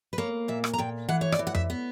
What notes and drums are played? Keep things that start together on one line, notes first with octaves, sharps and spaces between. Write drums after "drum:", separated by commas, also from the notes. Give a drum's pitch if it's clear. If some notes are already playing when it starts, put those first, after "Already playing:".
B4
A#3 C#5
A#2 E5
drum: rim click
A#5
A#2 G5
E3 F#5
C#5
D5, drum: rim click
E3
F#5
E5, drum: tom F2
B3